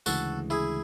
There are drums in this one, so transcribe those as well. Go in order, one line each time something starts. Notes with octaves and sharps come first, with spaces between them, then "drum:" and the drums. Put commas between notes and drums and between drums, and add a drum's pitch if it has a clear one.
D2 C#3 E3 G#3 F#4 A4, drum: tambourine
E4 G#4